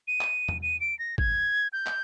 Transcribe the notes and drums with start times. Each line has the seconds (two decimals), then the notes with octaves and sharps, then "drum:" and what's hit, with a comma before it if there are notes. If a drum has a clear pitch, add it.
0.08 D#7
0.21 drum: clap
0.48 drum: tom E2
0.62 D#7
0.81 D7
0.99 A#6
1.18 G#6, drum: kick
1.73 G6
1.87 drum: clap